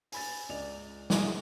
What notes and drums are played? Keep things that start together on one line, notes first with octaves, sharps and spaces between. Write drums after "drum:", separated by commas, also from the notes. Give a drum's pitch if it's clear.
G#5 B5 A6, drum: open hi-hat
C#2 D5 F7
E3 G#3 G#4, drum: snare